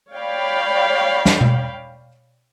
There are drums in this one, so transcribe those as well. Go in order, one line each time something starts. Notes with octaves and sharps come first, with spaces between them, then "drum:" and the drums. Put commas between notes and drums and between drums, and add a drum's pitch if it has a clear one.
C#5 D5 F5 G5 B5
drum: snare
drum: tom B2